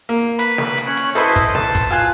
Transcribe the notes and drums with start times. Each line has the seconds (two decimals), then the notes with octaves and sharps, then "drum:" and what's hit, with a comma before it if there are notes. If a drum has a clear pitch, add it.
0.09 A#3
0.39 B4 B5, drum: hi-hat
0.58 drum: snare
0.78 drum: hi-hat
0.87 C#4 C#5 F#6
0.97 drum: hi-hat
1.15 E4 A4 B4 C5 D#5 E5, drum: hi-hat
1.36 drum: kick, hi-hat
1.55 A5, drum: snare
1.75 drum: kick, hi-hat
1.91 F4 G#5 A5 F#6